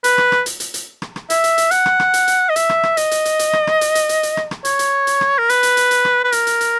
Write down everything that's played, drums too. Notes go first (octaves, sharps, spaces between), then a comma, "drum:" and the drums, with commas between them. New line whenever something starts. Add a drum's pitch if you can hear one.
B4, drum: hi-hat
drum: rim click
drum: rim click
drum: hi-hat
drum: hi-hat
drum: hi-hat
drum: rim click
drum: rim click
E5, drum: hi-hat
drum: hi-hat
drum: hi-hat
F#5, drum: hi-hat
drum: rim click
drum: rim click
drum: hi-hat
drum: hi-hat
D#5
E5, drum: hi-hat
drum: rim click
drum: rim click
D#5, drum: hi-hat
drum: hi-hat
drum: hi-hat
drum: hi-hat
drum: rim click
drum: rim click
drum: hi-hat
drum: hi-hat
drum: hi-hat
drum: hi-hat
drum: rim click
drum: rim click
C#5, drum: hi-hat
drum: hi-hat
drum: hi-hat
drum: rim click
A#4
B4, drum: hi-hat
drum: hi-hat
drum: hi-hat
drum: hi-hat
drum: rim click
B4
A#4, drum: hi-hat
drum: hi-hat
drum: hi-hat